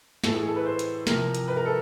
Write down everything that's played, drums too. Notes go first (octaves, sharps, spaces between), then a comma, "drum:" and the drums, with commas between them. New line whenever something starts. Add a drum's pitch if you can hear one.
A2 E3 A4, drum: snare
G#4
A4
B4
C5
drum: hi-hat
C3 F3 A#4, drum: snare
drum: hi-hat
B4
A#4
A4